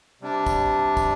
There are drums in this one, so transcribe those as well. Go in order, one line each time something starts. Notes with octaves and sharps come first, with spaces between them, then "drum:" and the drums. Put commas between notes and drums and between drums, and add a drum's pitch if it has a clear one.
C3 G3 D4
drum: kick, tambourine
drum: kick, tambourine